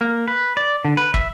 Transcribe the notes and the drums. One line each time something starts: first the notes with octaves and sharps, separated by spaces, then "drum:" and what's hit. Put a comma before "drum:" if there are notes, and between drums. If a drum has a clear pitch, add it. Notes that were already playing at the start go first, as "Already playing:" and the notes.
A#3
B4
D5
D3
B4
E5, drum: kick